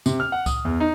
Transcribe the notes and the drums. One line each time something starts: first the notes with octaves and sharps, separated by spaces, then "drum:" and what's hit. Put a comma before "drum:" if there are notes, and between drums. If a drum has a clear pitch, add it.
C3, drum: tambourine
F6
F#5
D#6, drum: kick C#2, tambourine
E2
D#4